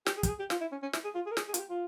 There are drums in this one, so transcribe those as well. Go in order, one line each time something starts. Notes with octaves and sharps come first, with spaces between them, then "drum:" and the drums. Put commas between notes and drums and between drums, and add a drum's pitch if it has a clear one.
G4, drum: snare
G#4
G4, drum: kick, hi-hat
G#4
G4
F4, drum: snare
E4
C#4
C#4
E4, drum: snare
G#4
F4
G#4
A#4
G#4, drum: snare
G#4
F4, drum: hi-hat
G4
F4